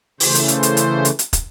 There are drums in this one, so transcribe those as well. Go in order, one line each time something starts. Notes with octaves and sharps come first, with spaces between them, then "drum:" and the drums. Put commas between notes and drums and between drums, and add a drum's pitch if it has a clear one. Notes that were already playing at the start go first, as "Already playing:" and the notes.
C#3 E3 A3 C5, drum: open hi-hat
drum: hi-hat
C5, drum: hi-hat
drum: hi-hat
drum: hi-hat
drum: hi-hat
drum: hi-hat
drum: kick, hi-hat